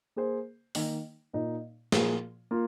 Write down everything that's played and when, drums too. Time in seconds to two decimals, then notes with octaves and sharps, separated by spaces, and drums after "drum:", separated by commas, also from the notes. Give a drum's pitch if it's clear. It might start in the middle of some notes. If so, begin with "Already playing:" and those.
0.16 A#3 G#4 C5
0.75 D#3 A#3 D#4, drum: open hi-hat
1.33 A#2 A#3 D#4
1.92 A#2 F3 A#3 F4 G#4, drum: snare
2.51 A#3 F4